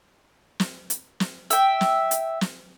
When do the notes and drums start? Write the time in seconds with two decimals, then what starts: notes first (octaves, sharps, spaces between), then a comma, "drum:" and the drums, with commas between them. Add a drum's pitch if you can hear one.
0.60 drum: snare
0.90 drum: hi-hat
1.20 drum: snare
1.50 E5 G5, drum: hi-hat
1.81 drum: snare
2.11 drum: hi-hat
2.41 drum: snare